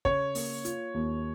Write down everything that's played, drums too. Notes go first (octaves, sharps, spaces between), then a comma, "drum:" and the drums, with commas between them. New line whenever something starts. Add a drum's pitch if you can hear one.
C#3 C#5, drum: kick
A#3, drum: open hi-hat
F4, drum: hi-hat
D#2